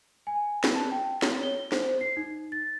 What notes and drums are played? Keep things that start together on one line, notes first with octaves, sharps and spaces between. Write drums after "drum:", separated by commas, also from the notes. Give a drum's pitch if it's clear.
G#5
drum: snare
A5
G5
C#5, drum: snare
G7
C5, drum: snare
C7
D#4
A6